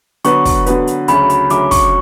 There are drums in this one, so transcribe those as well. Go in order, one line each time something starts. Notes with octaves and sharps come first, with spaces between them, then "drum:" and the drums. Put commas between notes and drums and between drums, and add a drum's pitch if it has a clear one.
D3 F#3 B3 F#4 B4 C#6, drum: hi-hat
drum: kick, open hi-hat
D3 F#3 B3 F#4 B4, drum: hi-hat
drum: hi-hat
D2 C#3 F#3 A3 C#4 B5, drum: hi-hat
B5, drum: hi-hat
D2 C#3 F#3 A3 C#4 D6, drum: hi-hat
C#6, drum: kick, open hi-hat